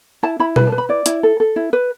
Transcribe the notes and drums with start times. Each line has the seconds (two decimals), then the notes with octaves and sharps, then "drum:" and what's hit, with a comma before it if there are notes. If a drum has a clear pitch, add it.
0.23 E4 A5
0.39 E4 B5
0.56 B4 B5, drum: tom B2
0.67 A5
0.72 B4
0.78 B5
0.89 E4 D5
1.06 E4, drum: hi-hat
1.23 A4
1.40 A4
1.56 E4
1.73 B4